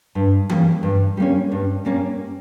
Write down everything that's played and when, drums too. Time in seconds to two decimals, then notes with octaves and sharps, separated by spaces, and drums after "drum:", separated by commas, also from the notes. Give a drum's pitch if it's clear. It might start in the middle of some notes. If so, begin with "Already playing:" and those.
0.15 G2
0.50 G3 A#3 C#4, drum: tom E3
0.83 G2
1.17 G3 A#3 C#4
1.52 G2
1.85 G3 A#3 C#4